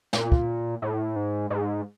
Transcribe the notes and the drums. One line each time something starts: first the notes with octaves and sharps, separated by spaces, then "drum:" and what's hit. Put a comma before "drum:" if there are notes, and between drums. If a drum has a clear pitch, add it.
A#2, drum: snare
drum: kick
A2
G#2
G#2